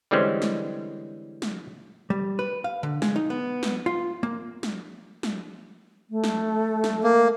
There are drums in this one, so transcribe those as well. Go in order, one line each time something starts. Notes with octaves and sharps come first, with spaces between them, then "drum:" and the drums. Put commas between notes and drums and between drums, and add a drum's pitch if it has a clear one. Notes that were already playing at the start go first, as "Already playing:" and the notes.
D3 E3 G3 G#3 C4 C#4
drum: snare
drum: snare
G3
B4
F5
D3
G#3, drum: snare
D#4
B3
drum: snare
F4
A#3
drum: snare
drum: snare
A3
drum: snare
drum: snare
A#3